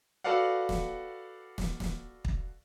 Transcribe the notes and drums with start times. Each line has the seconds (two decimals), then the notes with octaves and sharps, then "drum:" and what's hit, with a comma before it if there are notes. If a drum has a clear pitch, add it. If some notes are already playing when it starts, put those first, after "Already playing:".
0.24 F#4 A4 B4 D5 F5 F#5
0.69 drum: snare
1.58 drum: snare
1.80 drum: snare
2.25 drum: kick